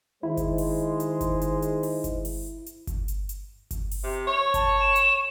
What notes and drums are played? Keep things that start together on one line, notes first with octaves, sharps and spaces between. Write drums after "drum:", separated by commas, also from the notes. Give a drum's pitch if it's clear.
D#3 G#3 E4 C5
drum: kick G1, hi-hat
drum: open hi-hat
drum: hi-hat
drum: kick G1, hi-hat
drum: hi-hat
drum: hi-hat
drum: open hi-hat
drum: kick G1, hi-hat
drum: open hi-hat
drum: hi-hat
drum: kick G1, hi-hat
drum: hi-hat
drum: hi-hat
drum: kick G1, hi-hat
drum: open hi-hat
C3
C#5
A5, drum: kick G1, hi-hat
E7
drum: hi-hat